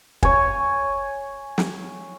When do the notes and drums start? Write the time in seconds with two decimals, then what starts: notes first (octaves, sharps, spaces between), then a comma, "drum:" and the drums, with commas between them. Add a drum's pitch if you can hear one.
0.23 C#5 G#5, drum: kick
1.58 drum: snare